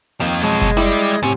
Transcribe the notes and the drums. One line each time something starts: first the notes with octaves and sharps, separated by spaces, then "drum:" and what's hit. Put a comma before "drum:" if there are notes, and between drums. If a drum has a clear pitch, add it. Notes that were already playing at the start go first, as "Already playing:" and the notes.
F2 D#3 A#3
B2 F#3 G#3, drum: hi-hat
drum: kick F#1, hi-hat
G3 E4 D5
drum: hi-hat
F#2 A2 C3 C#4